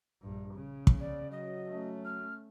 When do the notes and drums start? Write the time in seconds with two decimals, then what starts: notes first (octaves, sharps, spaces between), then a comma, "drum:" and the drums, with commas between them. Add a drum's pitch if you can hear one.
0.22 A#1 G2
0.55 C#3
0.87 drum: kick
1.00 D5
1.31 F#3 D#5
1.67 A3 C#4
2.05 F6